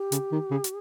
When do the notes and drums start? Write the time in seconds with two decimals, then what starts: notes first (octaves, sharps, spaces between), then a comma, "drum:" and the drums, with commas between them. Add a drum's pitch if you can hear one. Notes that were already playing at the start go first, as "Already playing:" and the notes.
Already playing: G4
0.12 C#3, drum: hi-hat
0.32 D#3
0.51 C#3
0.64 drum: hi-hat